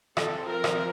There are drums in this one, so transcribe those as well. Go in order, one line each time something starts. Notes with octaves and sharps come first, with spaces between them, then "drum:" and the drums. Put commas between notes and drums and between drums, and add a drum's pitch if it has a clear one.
F3 C4 A4, drum: rim click
A#4
drum: rim click